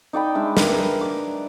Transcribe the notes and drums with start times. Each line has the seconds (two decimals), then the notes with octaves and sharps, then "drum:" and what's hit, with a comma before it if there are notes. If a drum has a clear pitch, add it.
0.13 D#4 D5 G5 B5
0.35 G#3 D4 E5
0.57 A#4 B4, drum: snare
1.01 D6